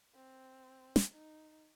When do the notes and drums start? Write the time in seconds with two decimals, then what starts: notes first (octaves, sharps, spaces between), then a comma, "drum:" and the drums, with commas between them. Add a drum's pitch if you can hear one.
0.15 C4
0.96 drum: snare
1.12 D#4